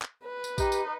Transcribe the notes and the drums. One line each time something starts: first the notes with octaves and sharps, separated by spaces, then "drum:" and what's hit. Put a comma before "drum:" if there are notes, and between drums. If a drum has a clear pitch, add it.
drum: clap
B4
drum: tambourine
D#4 G4, drum: kick A#1, tambourine
drum: tambourine